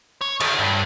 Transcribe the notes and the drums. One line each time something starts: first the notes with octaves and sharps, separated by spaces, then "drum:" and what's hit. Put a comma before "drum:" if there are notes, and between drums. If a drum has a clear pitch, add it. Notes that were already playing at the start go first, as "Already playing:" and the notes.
C#5
D#3, drum: cymbal
G2